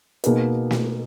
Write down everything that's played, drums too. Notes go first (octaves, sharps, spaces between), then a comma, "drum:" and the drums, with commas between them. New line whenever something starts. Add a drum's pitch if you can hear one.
B2 A#3 D#4 G#4 B4, drum: hi-hat
drum: snare